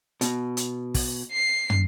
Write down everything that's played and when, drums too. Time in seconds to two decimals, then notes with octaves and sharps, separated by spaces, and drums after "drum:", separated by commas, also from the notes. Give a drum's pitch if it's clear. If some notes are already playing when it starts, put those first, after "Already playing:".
0.21 B2, drum: hi-hat
0.57 drum: hi-hat
0.94 drum: kick, open hi-hat
1.32 C7
1.70 drum: tom